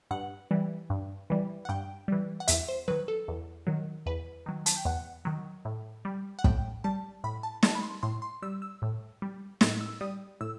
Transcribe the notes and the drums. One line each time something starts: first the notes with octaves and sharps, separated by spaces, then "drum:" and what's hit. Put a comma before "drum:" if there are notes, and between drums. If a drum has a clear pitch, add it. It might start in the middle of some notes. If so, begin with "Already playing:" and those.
G2 F#5
E3 G3
G2
E3 G3
F#5
G2 G5
E3 G3
F#5
E2 E5, drum: hi-hat
C5
D#3 F#3 B4
A4
E2
D#3 F#3
E2 B4
D#3 F#3
A5, drum: hi-hat
G5
E2 F#5
D#3 F#3
A2
G3
F#5
A2 G5, drum: kick
G3 A5
A2 B5
A5
G3 A5, drum: snare
B5
C6
A2 C6
C6
G3 E6
E6
A2
G3
A2 E6, drum: snare
E6
G3 D#6
A2 E6